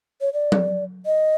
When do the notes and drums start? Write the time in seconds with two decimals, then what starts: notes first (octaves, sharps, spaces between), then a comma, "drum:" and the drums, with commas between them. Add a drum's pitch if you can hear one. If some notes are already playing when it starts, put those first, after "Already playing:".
0.21 C#5
0.33 D5
0.52 drum: tom F#3
1.06 D#5